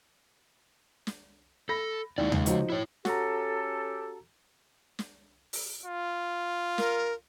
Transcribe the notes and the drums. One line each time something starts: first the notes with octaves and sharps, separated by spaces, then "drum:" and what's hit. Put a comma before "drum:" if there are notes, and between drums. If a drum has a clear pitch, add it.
drum: snare
A4 B5 A#6
D#2 G#3 E4 D5
C#3 G#3, drum: tom D#2
F3 D#4 F#4, drum: hi-hat
E4 C#5
C#4 F#4 G4 A4 A#5, drum: snare
drum: snare
drum: open hi-hat
F4
A#4, drum: snare